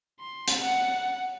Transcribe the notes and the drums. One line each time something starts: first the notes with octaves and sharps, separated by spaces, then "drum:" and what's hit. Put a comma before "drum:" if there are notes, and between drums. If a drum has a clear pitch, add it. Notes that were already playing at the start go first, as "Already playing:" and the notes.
C6
drum: hi-hat
F#5